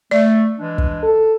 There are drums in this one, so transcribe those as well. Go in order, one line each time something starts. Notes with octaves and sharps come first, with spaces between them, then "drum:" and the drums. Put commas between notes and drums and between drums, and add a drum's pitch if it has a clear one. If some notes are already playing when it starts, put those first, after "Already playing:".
A3 D5
E3 G#3 D4
drum: kick
A4